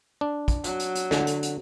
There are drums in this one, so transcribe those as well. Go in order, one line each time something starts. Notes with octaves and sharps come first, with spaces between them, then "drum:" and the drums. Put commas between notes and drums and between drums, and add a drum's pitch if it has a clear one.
D4
drum: kick, hi-hat
F#3, drum: hi-hat
drum: hi-hat
drum: hi-hat
D3, drum: snare
drum: hi-hat
drum: hi-hat